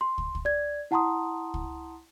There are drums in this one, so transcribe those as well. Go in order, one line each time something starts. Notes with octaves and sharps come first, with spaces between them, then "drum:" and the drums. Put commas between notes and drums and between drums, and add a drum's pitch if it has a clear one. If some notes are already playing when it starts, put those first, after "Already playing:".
C6
drum: kick
drum: kick
D5 G#6
E4 F#5 A5 A#5 C6 D#6
drum: kick